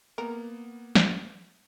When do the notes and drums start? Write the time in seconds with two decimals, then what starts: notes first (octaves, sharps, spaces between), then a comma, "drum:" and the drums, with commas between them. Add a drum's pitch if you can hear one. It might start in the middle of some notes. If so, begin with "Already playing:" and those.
0.18 A#3 B3 A#4
0.95 drum: snare